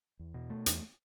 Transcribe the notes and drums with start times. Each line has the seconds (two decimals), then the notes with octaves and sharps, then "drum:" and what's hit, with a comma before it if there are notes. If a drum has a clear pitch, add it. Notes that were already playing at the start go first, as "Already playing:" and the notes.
0.19 E2
0.34 B2
0.50 A3
0.66 E2, drum: hi-hat